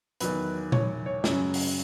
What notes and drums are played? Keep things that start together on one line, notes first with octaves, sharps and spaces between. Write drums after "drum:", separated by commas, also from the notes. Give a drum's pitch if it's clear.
E2 D#3 F#3 B4, drum: hi-hat
C#5, drum: tom A#2
C#5
F#2 C#3 F#3, drum: snare
drum: open hi-hat